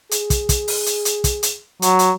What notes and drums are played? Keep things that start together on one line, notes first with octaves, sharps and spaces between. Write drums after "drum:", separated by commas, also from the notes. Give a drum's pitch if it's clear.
G#4, drum: hi-hat
drum: kick, hi-hat
drum: kick, hi-hat
drum: open hi-hat
drum: hi-hat
drum: hi-hat
drum: kick, hi-hat
drum: hi-hat
F#3 F#4, drum: hi-hat
drum: hi-hat